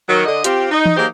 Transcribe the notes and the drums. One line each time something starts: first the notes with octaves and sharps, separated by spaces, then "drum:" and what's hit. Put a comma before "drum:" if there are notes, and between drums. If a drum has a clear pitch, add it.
D#3 F#3
D3 D#5
C4 F4 G4, drum: hi-hat
D#4
drum: tom E3
F#3 A#3 D#4 G4 G#4 C5